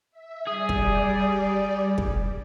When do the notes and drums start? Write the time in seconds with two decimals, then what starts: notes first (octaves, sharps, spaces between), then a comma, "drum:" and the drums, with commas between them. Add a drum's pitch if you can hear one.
0.11 E5
0.47 G3 G#4 D5
0.69 drum: kick
1.98 drum: kick